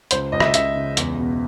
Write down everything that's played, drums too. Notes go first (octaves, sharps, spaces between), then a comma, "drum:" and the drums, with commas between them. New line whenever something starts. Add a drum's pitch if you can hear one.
C#2 C5, drum: hi-hat
C#2 D#5
E5, drum: rim click
D#5
C#2 E5, drum: hi-hat
C#3
E2, drum: hi-hat
B2